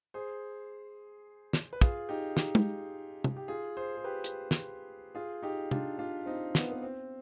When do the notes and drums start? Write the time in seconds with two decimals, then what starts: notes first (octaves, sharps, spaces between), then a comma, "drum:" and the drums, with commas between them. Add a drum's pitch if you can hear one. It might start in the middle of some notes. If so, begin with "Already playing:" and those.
0.14 G#4 C5
1.53 drum: snare
1.73 B4
1.81 F4 G#4, drum: kick
2.09 D#4 G4
2.37 D#4 G4, drum: snare
2.55 drum: tom G#3
3.24 drum: tom
3.37 G4
3.48 F4 G#4
3.77 G#4 C5
3.97 G#4
4.04 G4 B4
4.24 drum: hi-hat
4.51 drum: snare
5.15 F4 G#4
5.42 D#4 G4
5.71 D4 F4, drum: tom
5.98 D4 F4
6.26 C4 D#4
6.55 B3, drum: snare
6.72 B3
6.82 C4